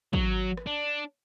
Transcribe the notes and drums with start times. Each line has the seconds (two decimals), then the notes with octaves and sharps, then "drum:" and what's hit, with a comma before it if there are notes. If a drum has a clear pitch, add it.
0.13 F#3, drum: kick
0.57 drum: rim click
0.67 D4